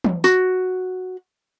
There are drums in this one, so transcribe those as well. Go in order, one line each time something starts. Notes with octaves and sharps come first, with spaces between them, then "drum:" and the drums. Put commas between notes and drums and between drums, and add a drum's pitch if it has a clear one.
drum: tom E3
F#4, drum: tambourine